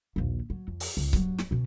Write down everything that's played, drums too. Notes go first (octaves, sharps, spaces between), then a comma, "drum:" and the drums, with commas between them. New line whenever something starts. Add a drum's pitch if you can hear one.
A#1 D#2
F#3
F2
drum: open hi-hat
C#2
G2 F#3, drum: kick C#1
drum: snare
B2 C#4